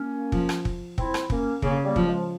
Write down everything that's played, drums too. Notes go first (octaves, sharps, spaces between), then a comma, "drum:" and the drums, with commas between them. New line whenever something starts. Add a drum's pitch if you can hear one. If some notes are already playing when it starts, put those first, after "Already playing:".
Already playing: A#3 C#4
F3, drum: kick
drum: rim click
drum: kick
C4 E4, drum: kick
drum: rim click
A#3 C#4, drum: kick
C#3 A#3 C#4, drum: kick
G3 A#3
F3, drum: kick
F3 G#3